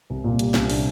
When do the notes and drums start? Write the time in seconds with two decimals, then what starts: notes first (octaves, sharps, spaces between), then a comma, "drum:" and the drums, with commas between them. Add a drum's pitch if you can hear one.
0.10 C2
0.24 A#2
0.39 G3, drum: hi-hat
0.54 C2, drum: snare
0.70 D4, drum: open hi-hat